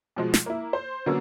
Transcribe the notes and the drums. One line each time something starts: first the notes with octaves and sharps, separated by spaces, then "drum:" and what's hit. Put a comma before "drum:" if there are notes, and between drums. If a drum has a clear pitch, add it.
B2 F3 G#3
drum: snare
A#3 E4
C5
D3 F#3 A#3 B3 C#4